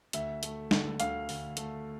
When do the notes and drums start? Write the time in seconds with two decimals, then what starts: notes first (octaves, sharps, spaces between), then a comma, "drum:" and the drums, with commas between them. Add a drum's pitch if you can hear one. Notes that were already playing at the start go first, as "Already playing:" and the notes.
0.13 D2 E5, drum: hi-hat
0.43 A3, drum: hi-hat
0.71 D3, drum: snare
1.00 D2 F5, drum: hi-hat
1.29 D2, drum: open hi-hat
1.57 A3, drum: hi-hat